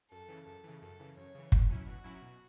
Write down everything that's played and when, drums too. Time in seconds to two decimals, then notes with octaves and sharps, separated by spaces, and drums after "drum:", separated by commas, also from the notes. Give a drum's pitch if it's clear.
0.11 F#2 A4
0.28 C#3 E3
0.46 F#2 A4
0.64 C#3 E3
0.81 F#2 A4
1.00 C#3 E3
1.17 F#2 C#5
1.35 C#3 E3
1.52 B2, drum: kick
1.69 F#3 C#4 E4
1.86 B2 F#4
2.04 F#3 C#4 E4
2.22 B2